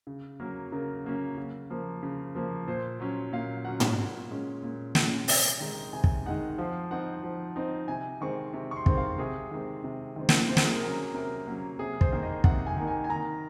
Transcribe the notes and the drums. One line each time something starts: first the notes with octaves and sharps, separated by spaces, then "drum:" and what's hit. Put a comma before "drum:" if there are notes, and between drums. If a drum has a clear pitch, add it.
C#3
F#3 A#3 C#4 A#4
C#3 A#4
F#3 A#3 C#4
C#3
F3 A#3
C#3
F3 A#3
A#2 C5
F#3 C#4
A#2 F5
F#3 C#4 F#5
drum: tom
A#2
G#3 C#4
A#2
G#3 C#4, drum: snare
C3, drum: open hi-hat
D#3 G#3 D#4
C3 G#5
drum: kick
D#3 G#3 D#4 F#5
F3 F5
C4 D#4 F#5
F3
C4 D#4
C3 G#5
D#3 G#3 C4 C#6
C3
C#6
C6
D#3 G#3 C4, drum: kick
F5
C3 G#4
D#3 G#3 C4
C3
D#3 G#3 C4
drum: snare
C3 C5
A#4, drum: snare
G#4
A#4
F#3 A#3 C#4
C3 A#4
F#3 A#3 C#4
C3 G#4
C5, drum: kick
D#3 A#3 D#4
D#5
C3 F#5, drum: kick
G#5
D#3 A#3 D#4
G#5
G#5
D#3 A#5